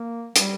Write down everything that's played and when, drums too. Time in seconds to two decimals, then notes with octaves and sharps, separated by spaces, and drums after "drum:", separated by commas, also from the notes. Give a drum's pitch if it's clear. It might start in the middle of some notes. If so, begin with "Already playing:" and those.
Already playing: A#3
0.36 G3, drum: hi-hat